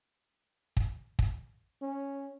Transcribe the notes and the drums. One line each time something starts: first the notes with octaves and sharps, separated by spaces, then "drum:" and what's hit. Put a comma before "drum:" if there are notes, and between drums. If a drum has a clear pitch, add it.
drum: kick
drum: kick
C#4